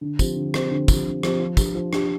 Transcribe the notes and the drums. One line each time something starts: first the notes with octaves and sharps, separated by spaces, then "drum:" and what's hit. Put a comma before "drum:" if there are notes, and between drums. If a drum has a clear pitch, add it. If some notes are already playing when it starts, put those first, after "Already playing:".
D3
F3 C4 G4, drum: kick, tambourine
D3
F3 C4 G4, drum: rim click
D3
F3 C4 G4, drum: kick, tambourine
D3
F3 C4 G4, drum: rim click
F3
D4 G4, drum: kick, tambourine
F3
D4 G4, drum: rim click